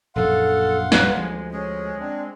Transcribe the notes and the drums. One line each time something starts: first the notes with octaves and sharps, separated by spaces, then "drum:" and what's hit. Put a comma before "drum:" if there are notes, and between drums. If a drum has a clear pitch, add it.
A#1 F#2 A4 F5 F#5 C6
B4, drum: snare
D2 F3 G#3
G#3 C#4 G#4
C4 D4